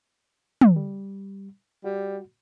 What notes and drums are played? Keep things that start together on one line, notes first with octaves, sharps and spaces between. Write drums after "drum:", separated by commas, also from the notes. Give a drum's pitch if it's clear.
drum: tom
G3
G3 F#4